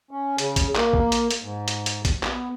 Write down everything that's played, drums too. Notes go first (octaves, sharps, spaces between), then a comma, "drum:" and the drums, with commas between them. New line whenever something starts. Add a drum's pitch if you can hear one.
C#4
C#3, drum: hi-hat
drum: kick, hi-hat
A#3, drum: clap
drum: kick
drum: hi-hat
drum: hi-hat
G#2
drum: hi-hat
drum: hi-hat
drum: kick, hi-hat
B3, drum: clap